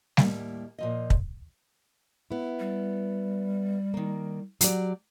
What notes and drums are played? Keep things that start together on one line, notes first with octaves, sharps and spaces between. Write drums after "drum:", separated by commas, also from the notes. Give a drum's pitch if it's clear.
D#2 A2 G3 A#3, drum: snare G3
A#2 F3 D#5
drum: kick
B3 E4
G3
D#3 A#3
F#3 G4 D5, drum: hi-hat